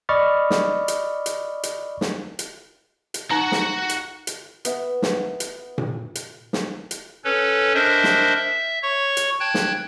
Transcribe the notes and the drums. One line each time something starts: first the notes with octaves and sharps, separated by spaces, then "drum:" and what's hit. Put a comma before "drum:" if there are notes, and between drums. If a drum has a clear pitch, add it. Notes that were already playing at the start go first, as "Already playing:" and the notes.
D5 D#5 B5 C#6 F6 A6
drum: snare
drum: hi-hat
drum: hi-hat
drum: hi-hat
drum: snare
drum: hi-hat
drum: hi-hat
D#4 F#4 F#5 A#5
drum: snare
drum: hi-hat
drum: hi-hat
B3 E5, drum: hi-hat
drum: snare
drum: hi-hat
drum: tom A#2
drum: hi-hat
drum: snare
drum: hi-hat
C#4 A4 B4 C#5
D4 A#4 C5 D#5 E5
drum: snare
E5
C#5 C#6
drum: hi-hat
G5 A5 F#6 G#6
drum: snare